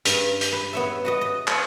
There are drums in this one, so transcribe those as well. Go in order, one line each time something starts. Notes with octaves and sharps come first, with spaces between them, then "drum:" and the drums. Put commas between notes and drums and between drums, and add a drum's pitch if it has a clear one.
G2, drum: hi-hat
drum: hi-hat
B4
B3 C#5 E5
F#4 B4 D#5
D#5
drum: clap